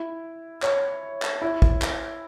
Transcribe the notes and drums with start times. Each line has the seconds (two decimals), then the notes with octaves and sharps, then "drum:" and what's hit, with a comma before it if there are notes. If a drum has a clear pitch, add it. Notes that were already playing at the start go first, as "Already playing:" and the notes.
Already playing: E4
0.63 C#5, drum: clap
1.22 drum: clap
1.42 E4
1.62 drum: kick
1.82 drum: clap